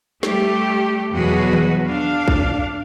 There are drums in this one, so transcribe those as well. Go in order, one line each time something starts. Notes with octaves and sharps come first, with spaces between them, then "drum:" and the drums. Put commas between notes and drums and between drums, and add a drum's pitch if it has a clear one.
G3 A3 G4, drum: snare
E2 B2 F#3 F#4 G#4 B4
drum: tom D#3
D4 F5
drum: kick